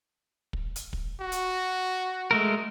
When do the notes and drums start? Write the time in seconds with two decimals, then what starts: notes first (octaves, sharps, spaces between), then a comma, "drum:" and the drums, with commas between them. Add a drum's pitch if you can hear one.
0.53 drum: kick
0.76 drum: hi-hat
0.93 drum: kick
1.22 F#4
1.32 drum: hi-hat
2.31 G#3 A3 A#4